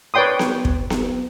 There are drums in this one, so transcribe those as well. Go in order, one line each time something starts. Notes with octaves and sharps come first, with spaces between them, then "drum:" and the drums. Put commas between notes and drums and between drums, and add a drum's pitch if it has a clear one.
B4 C#5 D5 G5 C6 D#6
drum: snare B3
drum: kick
drum: snare B3